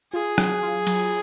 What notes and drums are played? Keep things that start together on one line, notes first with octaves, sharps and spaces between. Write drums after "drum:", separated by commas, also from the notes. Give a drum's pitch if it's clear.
F4 G#4
F#3, drum: rim click
F4
F#3, drum: cymbal